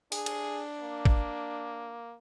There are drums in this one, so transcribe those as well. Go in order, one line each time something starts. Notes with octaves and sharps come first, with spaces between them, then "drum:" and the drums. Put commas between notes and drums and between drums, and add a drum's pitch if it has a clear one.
D4 G#4, drum: open hi-hat
drum: cymbal
A#3
drum: kick A1